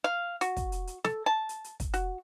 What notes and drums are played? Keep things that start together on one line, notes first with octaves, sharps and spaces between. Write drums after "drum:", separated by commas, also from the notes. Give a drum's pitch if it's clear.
F5
F#4, drum: hi-hat
drum: kick, hi-hat
drum: hi-hat
drum: hi-hat
A4, drum: snare
A5
drum: hi-hat
drum: hi-hat
drum: kick, hi-hat
F#4, drum: hi-hat